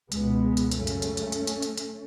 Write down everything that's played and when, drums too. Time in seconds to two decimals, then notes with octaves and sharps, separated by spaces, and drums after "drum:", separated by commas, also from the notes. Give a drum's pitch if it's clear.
0.12 C#2 B2 G#3 B3, drum: hi-hat
0.57 drum: hi-hat
0.71 F#2 C#3 A3 C#4, drum: hi-hat
0.87 drum: hi-hat
1.02 drum: hi-hat
1.17 drum: hi-hat
1.32 drum: hi-hat
1.47 drum: hi-hat
1.62 drum: hi-hat
1.78 drum: hi-hat